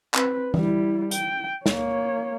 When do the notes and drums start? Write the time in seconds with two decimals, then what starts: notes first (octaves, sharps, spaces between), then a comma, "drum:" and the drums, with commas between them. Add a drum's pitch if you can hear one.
0.14 C4 B4, drum: clap
0.54 G3 E4, drum: tom E3
1.11 G5, drum: hi-hat
1.66 A#3 C#5, drum: snare